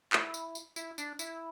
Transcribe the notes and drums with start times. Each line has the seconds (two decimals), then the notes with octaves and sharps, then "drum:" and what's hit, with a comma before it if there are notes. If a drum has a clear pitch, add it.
0.13 E4, drum: clap
0.34 drum: tambourine
0.55 drum: tambourine
0.76 E4, drum: tambourine
0.98 D4, drum: tambourine
1.19 E4, drum: tambourine